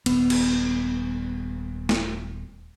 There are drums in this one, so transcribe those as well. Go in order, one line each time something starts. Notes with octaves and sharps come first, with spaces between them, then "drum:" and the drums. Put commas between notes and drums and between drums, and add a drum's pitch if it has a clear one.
D#1 B3, drum: cymbal
drum: cymbal
drum: snare